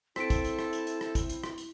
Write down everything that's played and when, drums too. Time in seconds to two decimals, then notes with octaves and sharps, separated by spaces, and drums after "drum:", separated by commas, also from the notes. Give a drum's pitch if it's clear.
0.16 C4 E4 A4 A5 B6 D7, drum: rim click
0.30 drum: kick, hi-hat
0.44 drum: hi-hat
0.59 drum: rim click
0.73 drum: hi-hat
0.87 drum: hi-hat
1.01 drum: rim click
1.15 drum: kick, hi-hat
1.29 drum: hi-hat
1.44 drum: rim click
1.58 drum: hi-hat